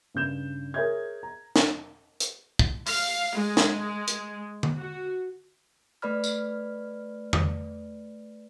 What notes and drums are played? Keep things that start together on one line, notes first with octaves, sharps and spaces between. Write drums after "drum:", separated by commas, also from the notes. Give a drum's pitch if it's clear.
G2 C#3 G6 E7
G#4 A#4 C#5 E5 G6 G#6
A#5
drum: snare
drum: hi-hat
drum: kick
F5, drum: open hi-hat
G#3
drum: snare
drum: hi-hat
drum: tom D3
F#4
A3 B4 D5 B5 F6
drum: tambourine
drum: tom E2